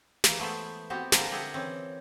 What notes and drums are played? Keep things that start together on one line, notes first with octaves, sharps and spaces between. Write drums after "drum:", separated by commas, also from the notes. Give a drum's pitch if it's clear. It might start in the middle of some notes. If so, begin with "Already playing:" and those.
E3 A#3, drum: snare
G#3 A3 B3 C5 E5
B3 C4 F#4 G4 C5
D3 F3 G4 A#4 C5, drum: snare
G4 G#4 E5 F#5 G5
E3 C4 C#4